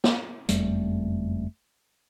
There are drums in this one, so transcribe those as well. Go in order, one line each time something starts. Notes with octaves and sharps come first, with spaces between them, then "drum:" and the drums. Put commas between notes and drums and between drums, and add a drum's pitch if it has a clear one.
drum: snare
F#1 F2 G3 A3, drum: hi-hat